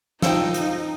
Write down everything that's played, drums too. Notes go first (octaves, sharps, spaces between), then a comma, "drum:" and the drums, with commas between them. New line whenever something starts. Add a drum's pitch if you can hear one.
D#4 F4 A4 C5 F5 G5, drum: snare
drum: hi-hat